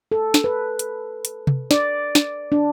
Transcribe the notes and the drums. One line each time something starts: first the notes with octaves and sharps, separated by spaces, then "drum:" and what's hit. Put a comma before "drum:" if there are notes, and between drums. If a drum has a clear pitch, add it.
A4
drum: snare
B4
drum: hi-hat
drum: hi-hat
drum: tom C3
D5, drum: snare
drum: snare
D4